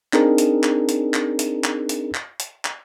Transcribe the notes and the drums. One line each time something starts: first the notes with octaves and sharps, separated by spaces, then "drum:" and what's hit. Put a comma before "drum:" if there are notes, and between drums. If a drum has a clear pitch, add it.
C4 D4 D#4 G#4 A#4, drum: clap
drum: hi-hat
drum: clap
drum: hi-hat
drum: clap
drum: hi-hat
drum: clap
drum: hi-hat
drum: clap
drum: hi-hat
drum: clap